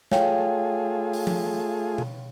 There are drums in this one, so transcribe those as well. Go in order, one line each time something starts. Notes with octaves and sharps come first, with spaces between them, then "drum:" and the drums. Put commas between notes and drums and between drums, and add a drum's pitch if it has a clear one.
A3 F4 G#4 C#5 F5 G5, drum: snare
drum: open hi-hat
drum: tom F3
drum: tom B2